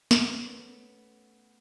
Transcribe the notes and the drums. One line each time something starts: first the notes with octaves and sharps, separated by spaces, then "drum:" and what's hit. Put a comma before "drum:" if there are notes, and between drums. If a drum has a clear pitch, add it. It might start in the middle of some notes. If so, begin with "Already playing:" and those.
A3 B3 C#4, drum: snare